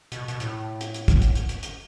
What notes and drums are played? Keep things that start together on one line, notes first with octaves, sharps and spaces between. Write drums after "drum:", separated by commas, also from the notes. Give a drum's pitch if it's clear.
B2, drum: hi-hat
B2, drum: hi-hat
A2, drum: hi-hat
drum: hi-hat
drum: hi-hat
drum: kick, hi-hat
drum: hi-hat
drum: hi-hat
drum: hi-hat
drum: hi-hat